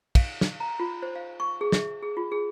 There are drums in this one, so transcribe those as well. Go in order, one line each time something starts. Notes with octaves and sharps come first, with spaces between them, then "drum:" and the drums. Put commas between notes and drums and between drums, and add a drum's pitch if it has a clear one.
F5, drum: kick, cymbal
drum: snare
A#5
F4
C5
F5
C#6
G#4
E5, drum: snare
G#4
F4
G#4